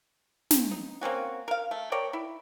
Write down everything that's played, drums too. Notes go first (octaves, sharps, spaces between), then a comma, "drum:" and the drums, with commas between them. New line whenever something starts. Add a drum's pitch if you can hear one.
drum: snare
D#4
A#3 C4 C#4 F#4
A#4 F5
A3
A#4 C#5 D5 G5
E4